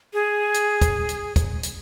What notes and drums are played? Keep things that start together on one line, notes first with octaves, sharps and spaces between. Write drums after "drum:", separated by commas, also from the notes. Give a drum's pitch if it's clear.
G#4
drum: hi-hat
drum: kick, hi-hat
drum: hi-hat
drum: kick, hi-hat
drum: hi-hat